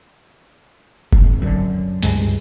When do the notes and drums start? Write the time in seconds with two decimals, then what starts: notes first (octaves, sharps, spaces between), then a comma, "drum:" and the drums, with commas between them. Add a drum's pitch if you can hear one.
1.13 G#1, drum: kick F1
1.42 F#2 D3
2.03 C#2 G2 G#3, drum: hi-hat